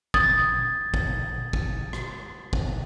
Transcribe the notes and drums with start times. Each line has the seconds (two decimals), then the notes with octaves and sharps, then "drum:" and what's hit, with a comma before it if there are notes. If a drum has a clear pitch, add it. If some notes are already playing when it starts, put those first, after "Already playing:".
0.14 D#6 G#6 A6, drum: kick
0.94 drum: kick
1.53 drum: kick
1.93 drum: rim click
2.53 drum: kick